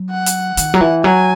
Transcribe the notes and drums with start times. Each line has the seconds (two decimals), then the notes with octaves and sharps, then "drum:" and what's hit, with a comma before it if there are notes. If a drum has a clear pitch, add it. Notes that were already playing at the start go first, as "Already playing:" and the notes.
Already playing: F#3
0.11 F#5
0.26 drum: hi-hat
0.57 D#3, drum: hi-hat
0.74 F#3
0.81 E3
1.04 F#3 G#5